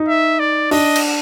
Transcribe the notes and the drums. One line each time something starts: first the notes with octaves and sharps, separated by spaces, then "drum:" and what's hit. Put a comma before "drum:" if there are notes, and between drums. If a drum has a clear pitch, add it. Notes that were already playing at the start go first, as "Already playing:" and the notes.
Already playing: D#4
E5
D5
D4 D#5, drum: open hi-hat
drum: cymbal